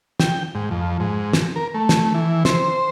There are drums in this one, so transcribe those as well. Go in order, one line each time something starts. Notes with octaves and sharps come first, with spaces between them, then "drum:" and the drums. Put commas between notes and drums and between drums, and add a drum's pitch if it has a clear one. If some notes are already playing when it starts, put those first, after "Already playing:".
G5, drum: snare
G#2
F2
G#2
drum: snare
A#4
A3
drum: snare
E3
C5, drum: snare